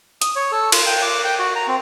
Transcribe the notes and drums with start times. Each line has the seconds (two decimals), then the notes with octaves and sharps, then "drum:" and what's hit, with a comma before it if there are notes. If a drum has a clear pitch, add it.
0.22 D#6, drum: hi-hat
0.36 C#5
0.52 A4
0.72 F4, drum: cymbal
0.86 G5
1.02 D6
1.24 G5
1.39 F#4
1.56 A#5
1.68 C4